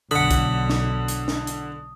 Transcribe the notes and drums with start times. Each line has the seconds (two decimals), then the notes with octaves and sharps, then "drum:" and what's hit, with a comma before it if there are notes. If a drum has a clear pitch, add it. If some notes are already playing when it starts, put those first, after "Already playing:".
0.11 B1 D3 F#5 B5 D#6
0.31 drum: kick B1, hi-hat
0.70 drum: snare
1.08 drum: hi-hat
1.28 drum: snare
1.47 drum: hi-hat